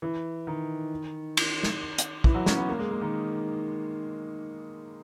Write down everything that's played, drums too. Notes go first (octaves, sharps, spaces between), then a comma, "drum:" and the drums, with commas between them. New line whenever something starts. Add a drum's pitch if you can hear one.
E3
D#3
drum: cymbal
drum: snare
drum: hi-hat
E3, drum: kick
F#3
C#4, drum: snare
B3
A#3
G#3
A#3
D#3